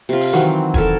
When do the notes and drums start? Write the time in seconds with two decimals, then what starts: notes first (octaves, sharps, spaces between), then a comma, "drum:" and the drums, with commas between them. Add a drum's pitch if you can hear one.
0.09 C3 F4
0.21 drum: open hi-hat
0.33 D#3 E3 F#3 C4
0.74 A4 A#4 G#5, drum: kick E1